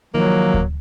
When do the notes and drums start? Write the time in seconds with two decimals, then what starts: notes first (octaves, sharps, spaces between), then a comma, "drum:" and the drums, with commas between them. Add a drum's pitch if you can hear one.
0.15 D#3 F3 F#3 A#3
0.54 drum: kick D2